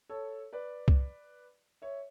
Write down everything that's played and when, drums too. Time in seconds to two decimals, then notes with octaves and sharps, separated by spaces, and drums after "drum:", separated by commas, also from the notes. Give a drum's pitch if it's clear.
0.09 A4 C#5
0.53 B4 D5
0.88 drum: kick C2
1.82 C#5 E5